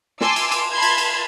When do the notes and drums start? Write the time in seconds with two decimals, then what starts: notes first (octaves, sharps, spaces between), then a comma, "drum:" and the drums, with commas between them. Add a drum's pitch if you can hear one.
0.21 G#5 A5 C6 D6 E6, drum: snare
0.36 drum: cymbal
0.52 drum: cymbal
0.72 A5 B5 C6 G#6
0.82 drum: cymbal
0.98 drum: cymbal